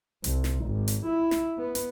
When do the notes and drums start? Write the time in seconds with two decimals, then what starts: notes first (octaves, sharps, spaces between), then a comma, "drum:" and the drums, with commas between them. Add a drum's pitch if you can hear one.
0.24 C2, drum: hi-hat
0.44 drum: snare
0.66 G#1
0.88 drum: hi-hat
1.06 E4
1.31 drum: snare
1.59 B3
1.75 drum: hi-hat